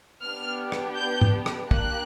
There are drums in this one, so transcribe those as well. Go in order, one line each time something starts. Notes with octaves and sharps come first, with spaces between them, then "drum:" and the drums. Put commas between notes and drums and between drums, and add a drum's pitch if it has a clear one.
B3 D4 G4 F6
drum: rim click
G6
drum: tom
drum: rim click
A#3 D4 G4 F#6, drum: kick